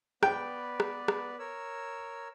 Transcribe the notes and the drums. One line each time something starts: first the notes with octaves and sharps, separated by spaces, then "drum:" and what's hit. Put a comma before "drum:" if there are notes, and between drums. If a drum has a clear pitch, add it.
B3 B4 D5 G5, drum: rim click
drum: rim click
drum: rim click
A#4 C#5 E6